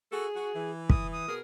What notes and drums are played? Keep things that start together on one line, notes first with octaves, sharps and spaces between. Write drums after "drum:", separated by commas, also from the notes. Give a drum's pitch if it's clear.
F#4 G#4 A4
F#4
E3
D#6, drum: kick
D#6
B2 G#4 A#4